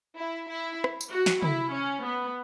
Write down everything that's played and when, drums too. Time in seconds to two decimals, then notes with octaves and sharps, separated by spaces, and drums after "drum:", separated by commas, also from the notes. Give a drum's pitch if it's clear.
0.17 E4
0.49 E4
0.84 drum: rim click
1.01 drum: tambourine
1.11 F#4
1.26 drum: snare
1.43 E4, drum: tom
1.73 C#4
2.05 B3